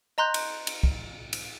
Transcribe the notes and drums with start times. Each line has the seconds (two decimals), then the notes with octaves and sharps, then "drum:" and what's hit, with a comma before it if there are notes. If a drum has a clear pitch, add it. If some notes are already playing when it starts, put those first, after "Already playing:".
0.18 D#5 A#5 C6 F#6 G6
0.34 drum: cymbal
0.67 drum: cymbal
0.83 drum: kick
1.33 drum: cymbal